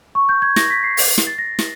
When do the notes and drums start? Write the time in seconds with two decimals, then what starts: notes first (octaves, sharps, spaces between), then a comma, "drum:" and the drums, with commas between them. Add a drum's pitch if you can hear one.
0.15 C#6
0.29 G6
0.42 G#6
0.56 A#6, drum: snare
0.70 B6
0.83 C7
0.97 drum: open hi-hat
1.18 drum: snare
1.27 A6
1.38 A#6
1.59 drum: snare